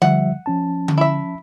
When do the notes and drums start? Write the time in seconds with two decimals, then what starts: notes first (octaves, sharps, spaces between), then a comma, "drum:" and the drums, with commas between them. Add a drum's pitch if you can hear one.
0.02 F3 G3 E5 F#5, drum: tom D3
0.46 F3 C#4 A5
0.88 drum: tom D3
0.98 E4 E5